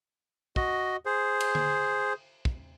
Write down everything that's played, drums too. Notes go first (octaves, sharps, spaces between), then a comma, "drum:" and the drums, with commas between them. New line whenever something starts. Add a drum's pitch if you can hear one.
F#4 D#5, drum: kick
G#4 C5
drum: cymbal
drum: tom D3
drum: kick